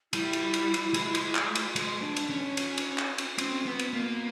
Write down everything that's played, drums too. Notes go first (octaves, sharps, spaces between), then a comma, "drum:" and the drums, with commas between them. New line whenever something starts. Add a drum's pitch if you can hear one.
G3 E4, drum: cymbal
drum: cymbal
drum: cymbal
drum: cymbal
G#3, drum: cymbal
drum: cymbal
drum: clap
drum: cymbal
G#3, drum: cymbal
D4
drum: cymbal
C#4
drum: cymbal
drum: cymbal
drum: clap
drum: cymbal
C4 C#4, drum: cymbal
B3 C4
drum: cymbal
A#3 B3